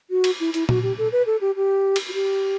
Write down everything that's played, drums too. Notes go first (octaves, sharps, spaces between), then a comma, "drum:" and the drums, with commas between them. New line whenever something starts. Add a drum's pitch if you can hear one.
F#4
drum: cymbal
E4
E4, drum: hi-hat
F#4, drum: tom A#2
G4
A4
B4
A4
G4
G4
drum: cymbal
F#4
G4